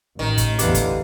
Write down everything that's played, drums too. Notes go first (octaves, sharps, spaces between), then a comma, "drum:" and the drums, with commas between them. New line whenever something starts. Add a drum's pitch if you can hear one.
A1 D#3
drum: kick, hi-hat
E2 D3 G4 B4 F5, drum: hi-hat
drum: kick, hi-hat